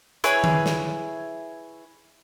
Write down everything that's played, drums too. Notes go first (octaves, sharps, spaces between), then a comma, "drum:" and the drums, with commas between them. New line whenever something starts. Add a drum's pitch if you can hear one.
E4 G#4 B4 C#5, drum: hi-hat
drum: tom D#3
drum: snare